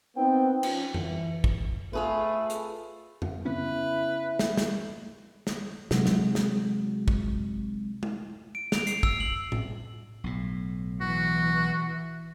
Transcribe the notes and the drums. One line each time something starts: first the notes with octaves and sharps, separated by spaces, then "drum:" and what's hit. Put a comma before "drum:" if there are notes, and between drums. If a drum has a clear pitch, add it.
B3 C4 D#4 G5
F3 C#4, drum: cymbal
E3, drum: tom F2
drum: kick
A3 F4 G#4 B4
drum: hi-hat
drum: tom F2
C#3 B3 C#4 E4 B4
drum: snare
drum: snare
drum: snare
C3 F#3 G#3, drum: snare
drum: snare
drum: snare
drum: kick
drum: tom G#3
D7
F7, drum: snare
C7, drum: hi-hat
E6, drum: kick
F#7
drum: tom A2
B1 A2
E3 F#4